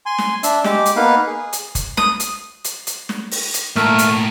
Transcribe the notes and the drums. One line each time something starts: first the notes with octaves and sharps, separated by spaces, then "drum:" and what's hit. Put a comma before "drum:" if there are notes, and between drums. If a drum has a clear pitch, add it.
G#5 C6
drum: snare
D4 E5, drum: hi-hat
G#3 G4 D6, drum: snare
drum: hi-hat
A#3 B3 D#4 B4 F5
G#4
drum: hi-hat
drum: kick F#1, hi-hat
D#6, drum: snare
drum: hi-hat
drum: hi-hat
drum: hi-hat
drum: snare
drum: open hi-hat
drum: hi-hat
A2 A3 A#3 A#4 E5, drum: snare
drum: hi-hat